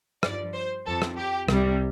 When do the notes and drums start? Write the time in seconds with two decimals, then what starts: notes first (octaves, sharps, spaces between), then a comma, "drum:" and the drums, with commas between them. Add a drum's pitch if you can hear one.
0.23 G2 F3 D5, drum: rim click
0.54 C5
0.86 F2 F3 A4
1.02 drum: rim click
1.17 G4
1.48 C2 C3 G3, drum: rim click